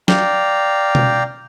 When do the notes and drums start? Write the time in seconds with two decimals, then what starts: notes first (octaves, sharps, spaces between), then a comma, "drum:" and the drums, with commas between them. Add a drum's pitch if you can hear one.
0.08 D5 F5 G5 A#5, drum: snare
0.95 drum: tom B2